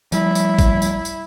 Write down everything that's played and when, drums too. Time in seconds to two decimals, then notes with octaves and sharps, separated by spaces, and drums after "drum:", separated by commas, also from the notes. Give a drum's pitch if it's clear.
0.12 F3 G3 E4, drum: tambourine
0.35 drum: tambourine
0.59 drum: kick, tambourine
0.82 drum: tambourine
1.05 drum: tambourine